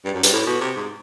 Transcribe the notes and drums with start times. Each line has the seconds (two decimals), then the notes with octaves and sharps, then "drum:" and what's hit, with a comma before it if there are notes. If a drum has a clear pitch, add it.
0.05 G2
0.14 F#2
0.23 G2, drum: hi-hat
0.33 A2
0.47 B2
0.61 C3
0.76 G#2